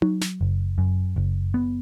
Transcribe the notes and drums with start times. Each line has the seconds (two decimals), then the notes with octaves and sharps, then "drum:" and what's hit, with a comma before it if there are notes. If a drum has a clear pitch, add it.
0.02 F#3, drum: tom D#4
0.21 drum: snare
0.41 F#1
0.78 F#2
1.16 F#1
1.54 B3